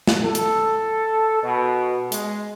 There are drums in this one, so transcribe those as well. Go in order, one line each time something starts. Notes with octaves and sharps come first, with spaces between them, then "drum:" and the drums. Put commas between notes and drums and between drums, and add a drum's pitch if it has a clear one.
drum: snare
A4
drum: hi-hat
B2
G#3, drum: hi-hat